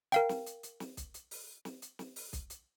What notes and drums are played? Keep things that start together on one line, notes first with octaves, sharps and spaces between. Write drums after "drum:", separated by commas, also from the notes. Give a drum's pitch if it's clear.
A#4 F5 G5, drum: hi-hat
drum: snare
drum: hi-hat
drum: hi-hat
drum: snare
drum: kick B1, hi-hat
drum: hi-hat
drum: open hi-hat
drum: snare
drum: hi-hat
drum: snare
drum: open hi-hat
drum: kick B1, hi-hat
drum: hi-hat